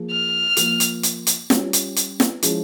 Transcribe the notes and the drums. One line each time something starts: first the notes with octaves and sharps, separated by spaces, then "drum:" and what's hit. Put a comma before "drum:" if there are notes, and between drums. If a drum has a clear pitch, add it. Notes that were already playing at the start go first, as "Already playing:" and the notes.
Already playing: F3 A#3 G#4
F6
F3 A#3 F4, drum: hi-hat
drum: hi-hat
drum: hi-hat
drum: hi-hat
G3 C#4 F4, drum: snare
drum: hi-hat
drum: hi-hat
drum: snare
F3 G#3 C#4 E4, drum: hi-hat